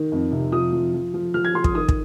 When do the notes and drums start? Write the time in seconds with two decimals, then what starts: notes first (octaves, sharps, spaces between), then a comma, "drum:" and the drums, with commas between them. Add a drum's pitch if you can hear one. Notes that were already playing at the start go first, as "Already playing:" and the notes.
Already playing: D#3
0.12 F2
0.32 C3
0.52 F3 D#6
0.73 F3
0.93 F3
1.14 F3
1.34 F3 F6
1.45 G#6
1.54 F3 C6
1.64 D#6, drum: kick
1.75 D#3 D#6
1.89 drum: kick